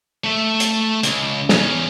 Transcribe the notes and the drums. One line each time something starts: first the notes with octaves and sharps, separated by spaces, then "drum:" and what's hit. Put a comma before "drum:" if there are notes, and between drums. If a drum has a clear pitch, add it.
A3 E5
drum: hi-hat
C#2, drum: hi-hat
E2 C#4, drum: snare